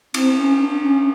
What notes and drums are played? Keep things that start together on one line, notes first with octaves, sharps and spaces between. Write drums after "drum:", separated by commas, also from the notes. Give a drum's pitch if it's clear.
C4, drum: cymbal
C#4
D4
C#4